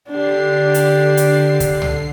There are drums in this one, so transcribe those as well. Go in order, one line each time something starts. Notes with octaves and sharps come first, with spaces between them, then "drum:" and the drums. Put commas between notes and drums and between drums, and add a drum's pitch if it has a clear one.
D3 D4 G4 C7
drum: hi-hat
drum: hi-hat
drum: kick, hi-hat
drum: tom